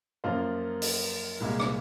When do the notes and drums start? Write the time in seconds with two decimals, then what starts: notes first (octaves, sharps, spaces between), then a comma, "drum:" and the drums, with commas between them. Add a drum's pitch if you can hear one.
0.24 F#2 F3 A#3 F4 C5
0.82 drum: open hi-hat
1.40 C2 A#2 G#3
1.60 drum: rim click